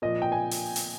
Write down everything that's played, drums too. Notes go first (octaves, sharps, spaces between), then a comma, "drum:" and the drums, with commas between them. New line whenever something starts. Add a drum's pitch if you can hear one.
A#2 F3 D#5
G5
G#5
drum: open hi-hat
drum: open hi-hat